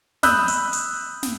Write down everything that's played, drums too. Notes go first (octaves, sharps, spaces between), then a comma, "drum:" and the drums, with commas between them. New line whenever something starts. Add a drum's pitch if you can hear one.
B5 D#6 E6 F#6 G6, drum: snare
drum: hi-hat
drum: hi-hat
drum: snare